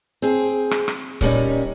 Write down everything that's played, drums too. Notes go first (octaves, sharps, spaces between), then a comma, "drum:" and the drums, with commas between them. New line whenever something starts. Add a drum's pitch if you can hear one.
C4 G#4
drum: rim click
drum: rim click
A#2 G3 C#4 D#4, drum: kick C#1